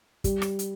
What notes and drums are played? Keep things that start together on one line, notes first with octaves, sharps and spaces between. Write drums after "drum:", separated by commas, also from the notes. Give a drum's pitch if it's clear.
G3, drum: kick, hi-hat
drum: rim click
drum: hi-hat